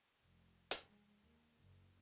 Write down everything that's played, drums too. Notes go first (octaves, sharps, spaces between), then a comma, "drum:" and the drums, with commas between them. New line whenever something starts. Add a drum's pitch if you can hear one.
F1
drum: hi-hat
G#3
D#2
F#1